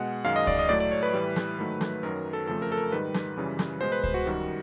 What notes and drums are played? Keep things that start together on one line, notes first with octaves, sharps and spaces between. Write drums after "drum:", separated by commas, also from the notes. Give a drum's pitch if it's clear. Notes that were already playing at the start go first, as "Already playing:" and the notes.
Already playing: B2 G#3 F#5
F#2 D#3 G#3 F5
D#5
D5, drum: kick C#2
D#5
A2 F#3 A3 D5
D5
C#5
B4
A2 E3 G3
drum: snare
G#2 D#3 F#3 A3
drum: snare
F#2 D#3 F#3 A#4
A4
F2 C#3 F3 A3 A4
A#4
A4
A#4
G#2 D#3 G3 B4
drum: snare
F#2 C#3 E3 G3
drum: snare
B2 G#3 C5
B4
C5, drum: kick C#2
F#4
F#2 D#3 G3